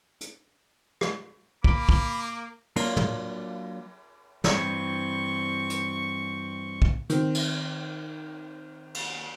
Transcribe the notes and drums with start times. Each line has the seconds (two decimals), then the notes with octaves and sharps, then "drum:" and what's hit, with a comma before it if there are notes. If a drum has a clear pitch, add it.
0.21 drum: hi-hat
1.01 drum: rim click
1.64 A#3 B5 D6, drum: kick
1.89 drum: kick
2.76 F#3 A#3 D4 F4, drum: cymbal
2.96 drum: tom
4.44 G2 E3 C4 C#6, drum: snare
5.70 drum: hi-hat
6.82 drum: kick
7.10 D#3 C4, drum: hi-hat
7.35 drum: cymbal
8.95 drum: cymbal